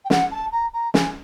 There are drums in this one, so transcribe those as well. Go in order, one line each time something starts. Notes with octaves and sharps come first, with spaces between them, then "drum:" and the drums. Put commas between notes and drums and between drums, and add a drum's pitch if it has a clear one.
G5
F#5, drum: snare
A5
A#5
A#5
G#5, drum: snare